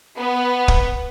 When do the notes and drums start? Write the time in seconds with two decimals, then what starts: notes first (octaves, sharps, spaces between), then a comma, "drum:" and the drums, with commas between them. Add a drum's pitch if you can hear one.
0.17 B3
0.68 drum: kick